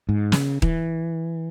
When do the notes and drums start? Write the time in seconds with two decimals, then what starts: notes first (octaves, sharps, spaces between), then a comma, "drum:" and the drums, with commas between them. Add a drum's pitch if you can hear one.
0.09 G#2
0.32 C#3, drum: snare
0.62 E3, drum: kick D#1